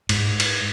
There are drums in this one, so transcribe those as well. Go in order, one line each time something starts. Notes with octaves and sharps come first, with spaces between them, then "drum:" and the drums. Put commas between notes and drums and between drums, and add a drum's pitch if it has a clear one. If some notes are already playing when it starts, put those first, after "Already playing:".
G#2, drum: cymbal
drum: cymbal